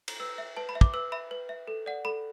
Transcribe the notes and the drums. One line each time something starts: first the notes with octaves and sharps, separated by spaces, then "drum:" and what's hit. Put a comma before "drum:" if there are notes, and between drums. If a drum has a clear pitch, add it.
drum: cymbal
B4 E6
E5
B4 A5
B5
E5
D6, drum: kick
B4 E6
E5 B5
B4
E5
A4
D5 F#5
A4 B5